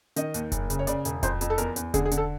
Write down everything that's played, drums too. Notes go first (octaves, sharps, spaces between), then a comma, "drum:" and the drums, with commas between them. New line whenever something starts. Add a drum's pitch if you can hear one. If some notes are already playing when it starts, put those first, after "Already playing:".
D#3 D#5, drum: hi-hat
D#2, drum: hi-hat
F#1, drum: kick E1, hi-hat
C#3, drum: hi-hat
C#5
C#3 D5, drum: hi-hat
E1, drum: hi-hat
F2 C5, drum: kick E1, hi-hat
F2, drum: hi-hat
A4
E2 A#4, drum: hi-hat
E2, drum: hi-hat
D3 G#4, drum: kick E1, hi-hat
G#4
D3, drum: hi-hat
A4